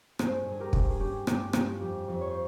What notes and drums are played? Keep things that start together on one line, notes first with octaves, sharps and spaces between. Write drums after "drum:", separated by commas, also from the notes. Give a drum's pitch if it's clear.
G2 G#4 C5, drum: rim click
G2
G#4
G4 A#4
G2, drum: kick
G#4
C#4 G4
G2 G4, drum: rim click
C#4 F4, drum: rim click
F2 G4
F2
C#5
C5